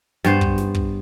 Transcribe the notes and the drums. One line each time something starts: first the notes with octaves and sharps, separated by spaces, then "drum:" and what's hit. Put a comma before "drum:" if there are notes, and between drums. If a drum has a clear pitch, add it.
G2 B3 C5, drum: snare
drum: kick
drum: snare
drum: kick